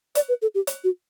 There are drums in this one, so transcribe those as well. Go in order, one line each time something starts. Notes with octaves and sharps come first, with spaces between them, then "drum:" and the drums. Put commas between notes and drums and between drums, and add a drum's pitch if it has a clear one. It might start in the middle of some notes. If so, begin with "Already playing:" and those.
D5, drum: hi-hat
B4
A4
G4
drum: hi-hat
F#4